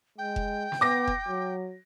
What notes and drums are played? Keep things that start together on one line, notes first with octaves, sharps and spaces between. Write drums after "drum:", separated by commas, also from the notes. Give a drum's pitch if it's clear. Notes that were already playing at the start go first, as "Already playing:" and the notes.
G#3 G5
drum: kick F1
drum: snare
B3 D6 A#6
drum: kick F1
F#3